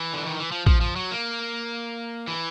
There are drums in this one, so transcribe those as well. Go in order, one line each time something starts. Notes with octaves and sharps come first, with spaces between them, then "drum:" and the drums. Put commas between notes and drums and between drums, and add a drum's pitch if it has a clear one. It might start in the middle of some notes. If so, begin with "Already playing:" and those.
Already playing: E3
D3
D#3
E3
F3
F3, drum: kick
F3
F#3
A#3
E3